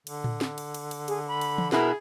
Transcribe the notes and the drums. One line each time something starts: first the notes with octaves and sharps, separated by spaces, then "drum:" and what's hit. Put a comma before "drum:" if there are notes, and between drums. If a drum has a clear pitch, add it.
D3, drum: cymbal
drum: tom A2
drum: snare
drum: cymbal
drum: cymbal
drum: cymbal
G#4, drum: cymbal
B5
drum: cymbal
drum: tom E3
B2 B3 E4 G#4 A#4, drum: snare